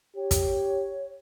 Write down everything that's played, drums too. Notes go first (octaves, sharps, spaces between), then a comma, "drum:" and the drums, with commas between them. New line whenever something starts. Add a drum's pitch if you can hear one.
G4 C#5
drum: kick, hi-hat